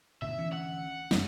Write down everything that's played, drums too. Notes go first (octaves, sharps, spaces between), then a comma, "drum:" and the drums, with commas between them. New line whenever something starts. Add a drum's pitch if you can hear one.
D2 G#2 B2 E5
D2 E3 C#4
F#5
F#1 F#2, drum: snare